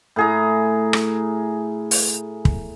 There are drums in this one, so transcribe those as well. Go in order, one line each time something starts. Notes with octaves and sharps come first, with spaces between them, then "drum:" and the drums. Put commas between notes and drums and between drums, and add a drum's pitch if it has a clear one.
A2 G#4 A#5
drum: rim click
drum: open hi-hat
drum: kick